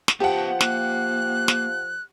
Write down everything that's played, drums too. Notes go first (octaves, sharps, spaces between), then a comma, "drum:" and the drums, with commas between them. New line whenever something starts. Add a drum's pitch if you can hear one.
drum: snare
F3 B3 G4 F#5 G5 A5
A#3 F#6, drum: snare
drum: snare